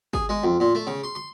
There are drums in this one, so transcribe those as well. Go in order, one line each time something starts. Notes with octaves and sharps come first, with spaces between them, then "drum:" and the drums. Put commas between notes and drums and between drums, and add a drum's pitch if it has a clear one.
G#4, drum: kick G#1
G#3
F2
A#2
A3
C#3
C6
C6